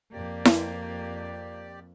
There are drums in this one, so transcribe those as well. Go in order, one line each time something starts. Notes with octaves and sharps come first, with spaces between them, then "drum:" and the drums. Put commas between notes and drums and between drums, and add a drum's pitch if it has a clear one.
F2 A#3 G4 D5
drum: snare E4